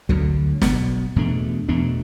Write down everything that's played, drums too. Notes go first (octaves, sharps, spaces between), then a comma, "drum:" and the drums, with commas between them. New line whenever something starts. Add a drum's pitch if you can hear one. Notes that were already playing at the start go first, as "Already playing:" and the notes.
D2 D3 F#3, drum: kick
B1 B2 B3, drum: snare
E2 B2 A3 D4
E2 B2 A3 D4